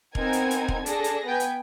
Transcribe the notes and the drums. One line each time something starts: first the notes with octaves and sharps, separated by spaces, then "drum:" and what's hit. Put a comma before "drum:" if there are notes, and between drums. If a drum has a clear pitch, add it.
B3 C4 D#4 A#4 G#5 G#6, drum: kick E1
drum: hi-hat
drum: hi-hat
drum: kick E1
D4 G#4 A4 A#6, drum: hi-hat
drum: hi-hat
B3 B4 G5 G#5
drum: hi-hat